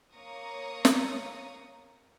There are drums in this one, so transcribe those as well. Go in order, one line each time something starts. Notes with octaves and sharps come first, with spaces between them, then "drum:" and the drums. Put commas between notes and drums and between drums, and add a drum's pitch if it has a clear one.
A#3 C#5 F5 A#5 C#6 D#6
drum: snare